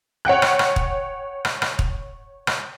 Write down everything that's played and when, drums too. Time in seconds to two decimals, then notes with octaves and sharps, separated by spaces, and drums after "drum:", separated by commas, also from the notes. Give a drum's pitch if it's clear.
0.25 C#5 F#5 G5 F#6
0.42 drum: rim click
0.59 drum: rim click
0.76 drum: kick
1.45 drum: rim click
1.62 drum: rim click
1.79 drum: kick
2.47 drum: rim click